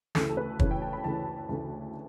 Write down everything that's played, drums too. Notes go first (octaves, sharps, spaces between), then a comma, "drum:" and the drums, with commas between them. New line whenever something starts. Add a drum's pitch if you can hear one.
D2 C#3 E3 A3 A4, drum: snare
A4
B4
D2 C#3 E3 A3 C#5, drum: kick
G5
A5
B5
D2 C#3 E3 A3 A5
D2 C#3 E3 A3